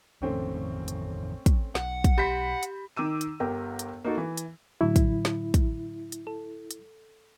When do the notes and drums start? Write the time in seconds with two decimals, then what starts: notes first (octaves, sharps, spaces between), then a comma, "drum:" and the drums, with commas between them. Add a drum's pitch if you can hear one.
0.22 A1 F2 D#3 A3 C4 C#4
0.88 drum: hi-hat
1.46 drum: kick, hi-hat
1.75 B1 F#5, drum: snare
2.04 drum: kick, hi-hat
2.18 G4 B5 G6 B6
2.63 drum: hi-hat
2.97 D#3 D6 E6 D#7
3.21 drum: hi-hat
3.40 G1 G4 A#4 G5
3.79 drum: hi-hat
4.05 A#3 D#4 F#4 A4
4.17 E3
4.37 drum: hi-hat
4.81 A2 D3 F#3 E4
4.96 drum: kick, hi-hat
5.25 drum: snare
5.54 drum: kick, hi-hat
6.12 drum: hi-hat
6.27 A4
6.71 drum: hi-hat